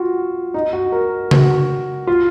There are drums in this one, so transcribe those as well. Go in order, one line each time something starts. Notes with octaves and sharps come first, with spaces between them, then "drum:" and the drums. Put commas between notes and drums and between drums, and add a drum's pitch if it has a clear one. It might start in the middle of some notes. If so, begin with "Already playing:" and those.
Already playing: F4 F#4
D#4
F#4
A#4
F#4, drum: tom C#3
F4